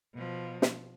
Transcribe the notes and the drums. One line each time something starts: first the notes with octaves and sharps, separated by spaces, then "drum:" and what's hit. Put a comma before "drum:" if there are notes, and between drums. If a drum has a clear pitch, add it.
B2 F3
drum: snare